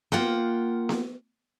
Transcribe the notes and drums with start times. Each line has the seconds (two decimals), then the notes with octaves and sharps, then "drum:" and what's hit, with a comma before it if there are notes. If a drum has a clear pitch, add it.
0.12 A#3 F4 F#5 G5, drum: snare B3
0.89 drum: snare B3